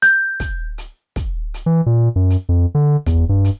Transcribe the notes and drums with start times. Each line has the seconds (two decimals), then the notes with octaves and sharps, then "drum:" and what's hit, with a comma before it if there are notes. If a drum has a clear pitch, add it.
0.02 G6, drum: hi-hat
0.40 drum: kick, hi-hat
0.78 drum: hi-hat
1.16 drum: kick, hi-hat
1.54 drum: hi-hat
1.66 E3
1.86 A#2
2.16 F#2
2.30 drum: hi-hat
2.49 F2
2.75 D3
3.06 E2, drum: kick, hi-hat
3.29 G2
3.44 drum: hi-hat